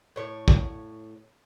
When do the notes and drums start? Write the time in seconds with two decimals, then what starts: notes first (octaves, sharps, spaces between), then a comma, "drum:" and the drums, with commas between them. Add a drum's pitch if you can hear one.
0.16 A2 C#5
0.48 drum: kick